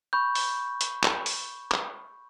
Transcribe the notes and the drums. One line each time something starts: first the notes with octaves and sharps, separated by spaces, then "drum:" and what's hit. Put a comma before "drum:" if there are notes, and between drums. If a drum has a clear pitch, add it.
B5 C#6 G6
drum: open hi-hat
drum: hi-hat
drum: clap
drum: open hi-hat
drum: clap